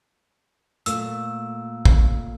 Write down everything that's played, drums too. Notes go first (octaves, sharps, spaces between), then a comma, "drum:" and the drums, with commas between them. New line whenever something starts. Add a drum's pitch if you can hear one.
A#2 A3 E6, drum: hi-hat
drum: kick